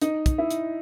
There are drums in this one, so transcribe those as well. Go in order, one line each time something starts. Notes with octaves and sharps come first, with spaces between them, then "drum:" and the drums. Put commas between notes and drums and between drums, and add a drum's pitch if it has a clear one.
D#4, drum: hi-hat
drum: kick, hi-hat
E4
drum: hi-hat